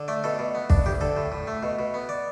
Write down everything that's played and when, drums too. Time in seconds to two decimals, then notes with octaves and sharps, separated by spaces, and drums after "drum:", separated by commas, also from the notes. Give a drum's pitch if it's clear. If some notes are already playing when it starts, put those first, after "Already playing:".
Already playing: D3
0.08 A3 D5
0.24 B2 A4
0.39 B2
0.55 B3
0.70 D4, drum: kick
0.86 D2 G4
1.01 D3 A4
1.16 A2
1.32 A2
1.47 A3
1.63 B2
1.79 B2
1.94 B3
2.09 D5